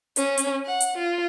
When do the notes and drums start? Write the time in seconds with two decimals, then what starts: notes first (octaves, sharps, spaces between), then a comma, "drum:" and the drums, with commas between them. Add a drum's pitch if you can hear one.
0.16 C#4, drum: hi-hat
0.37 drum: hi-hat
0.65 F#5
0.80 drum: hi-hat
0.97 F4